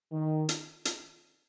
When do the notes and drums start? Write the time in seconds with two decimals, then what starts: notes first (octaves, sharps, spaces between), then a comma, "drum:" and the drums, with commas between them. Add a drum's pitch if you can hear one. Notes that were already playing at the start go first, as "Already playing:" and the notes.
0.12 D#3
0.49 drum: hi-hat
0.85 drum: hi-hat